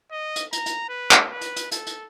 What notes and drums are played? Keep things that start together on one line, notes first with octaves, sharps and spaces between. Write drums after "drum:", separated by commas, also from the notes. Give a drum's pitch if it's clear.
D#5
drum: hi-hat
A#5, drum: hi-hat
drum: hi-hat
B4
drum: clap
B4
drum: hi-hat
drum: hi-hat
A4, drum: hi-hat
drum: hi-hat